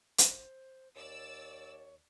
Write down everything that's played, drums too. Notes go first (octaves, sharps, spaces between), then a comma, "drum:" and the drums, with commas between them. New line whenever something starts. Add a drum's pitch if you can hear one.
C5, drum: hi-hat
D#2 C#5 D5 E6